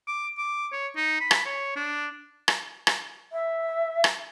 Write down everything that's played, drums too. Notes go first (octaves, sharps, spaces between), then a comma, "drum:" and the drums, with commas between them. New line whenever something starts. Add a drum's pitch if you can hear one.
D6
D6
C#5
D#4
B5
drum: rim click
C#5
D4
drum: rim click
drum: rim click
E5
drum: rim click